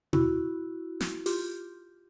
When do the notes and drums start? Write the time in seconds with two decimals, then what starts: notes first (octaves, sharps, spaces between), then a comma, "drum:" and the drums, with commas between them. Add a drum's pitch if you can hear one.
0.13 E4 F#4, drum: tom B2
1.00 drum: snare
1.26 F4 G4, drum: open hi-hat